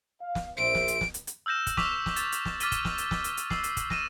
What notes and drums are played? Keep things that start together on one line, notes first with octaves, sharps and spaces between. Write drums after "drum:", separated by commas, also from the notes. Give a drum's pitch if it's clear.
F5
drum: snare
A#1 C5 E5 D7
drum: snare
drum: hi-hat
drum: snare
drum: hi-hat
drum: hi-hat
E6 F6 G6 A#6 E7
drum: kick, hi-hat
C#6 D6 E6 F6 B6 F7, drum: snare
drum: snare
A6, drum: hi-hat
drum: hi-hat
drum: snare
D6 F6 A6 B6 D#7 G7, drum: hi-hat
drum: kick, hi-hat
drum: snare
drum: hi-hat
drum: snare
drum: hi-hat
drum: hi-hat
E6 C7, drum: snare
drum: hi-hat
drum: kick, hi-hat
A#6 D#7 E7, drum: snare